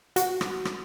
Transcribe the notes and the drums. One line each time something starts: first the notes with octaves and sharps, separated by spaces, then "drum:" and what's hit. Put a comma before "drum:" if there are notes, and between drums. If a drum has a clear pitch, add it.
F#4, drum: hi-hat
drum: rim click
drum: rim click